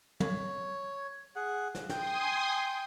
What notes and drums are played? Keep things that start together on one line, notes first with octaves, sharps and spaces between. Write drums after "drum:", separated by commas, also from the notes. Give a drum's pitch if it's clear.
C#5, drum: tom
G#4 F#5
drum: snare
G5 G#5 C6 D#6, drum: snare